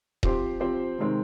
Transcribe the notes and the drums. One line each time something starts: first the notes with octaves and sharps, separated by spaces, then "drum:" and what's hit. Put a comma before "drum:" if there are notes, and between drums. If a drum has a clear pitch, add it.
F3 C4 G4 C5, drum: kick D#1
F3 C4 G4 C5
C3 D#3 G#3 C4